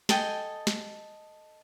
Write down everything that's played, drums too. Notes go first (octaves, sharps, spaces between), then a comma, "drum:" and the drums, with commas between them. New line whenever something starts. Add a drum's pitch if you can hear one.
A4 D#5 G5 G#5, drum: snare
drum: snare